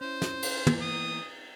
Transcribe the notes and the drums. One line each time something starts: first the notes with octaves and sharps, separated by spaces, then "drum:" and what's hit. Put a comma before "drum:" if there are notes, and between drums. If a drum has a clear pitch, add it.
C#4 E4 C5
drum: snare
drum: cymbal
E3 A#3 B3, drum: tom
D#6